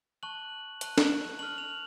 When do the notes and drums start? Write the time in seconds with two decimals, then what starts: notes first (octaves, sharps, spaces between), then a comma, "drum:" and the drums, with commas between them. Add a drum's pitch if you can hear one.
0.23 A5 C#6 F#6 F#7
0.81 A5 C#6 F#6, drum: hi-hat
0.98 drum: snare
1.38 A5 C#6 F6 F#7
1.58 F7